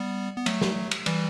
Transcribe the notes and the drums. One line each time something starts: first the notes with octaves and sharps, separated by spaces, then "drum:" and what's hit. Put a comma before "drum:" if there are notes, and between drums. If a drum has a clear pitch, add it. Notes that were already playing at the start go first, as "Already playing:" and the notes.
Already playing: G3 B3
B3
F#3 A3, drum: cymbal
drum: snare
drum: cymbal
E3 G3, drum: cymbal